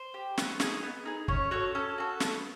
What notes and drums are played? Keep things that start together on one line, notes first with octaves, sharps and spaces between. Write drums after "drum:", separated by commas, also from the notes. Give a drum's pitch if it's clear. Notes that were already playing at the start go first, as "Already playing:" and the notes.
Already playing: C5
G4
B3, drum: snare
D#4 G#4, drum: snare
B3
D#4 G#4
C#4 C#5, drum: kick
F#4 A4 C#5
C#4 A4
F#4 A4
B3, drum: snare